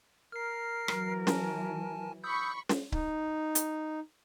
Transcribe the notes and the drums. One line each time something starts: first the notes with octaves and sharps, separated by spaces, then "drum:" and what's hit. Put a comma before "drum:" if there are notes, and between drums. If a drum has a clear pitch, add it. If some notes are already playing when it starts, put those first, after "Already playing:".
A#4 F6 C7
E3 F#3, drum: rim click
G#5 A5, drum: snare
B5 C#6 D#6 E6 G6
drum: snare
D#4, drum: kick C#1
drum: hi-hat